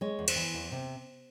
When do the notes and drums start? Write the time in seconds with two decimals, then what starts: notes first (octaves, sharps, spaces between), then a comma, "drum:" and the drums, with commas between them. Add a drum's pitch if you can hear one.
0.01 G#3 C#5
0.19 E2
0.28 C5, drum: cymbal
0.36 E3
0.54 E2
0.72 C3